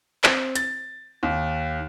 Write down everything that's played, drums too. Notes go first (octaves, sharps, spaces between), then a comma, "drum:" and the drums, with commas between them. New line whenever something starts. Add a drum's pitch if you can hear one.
C4, drum: clap
A6, drum: hi-hat
D#2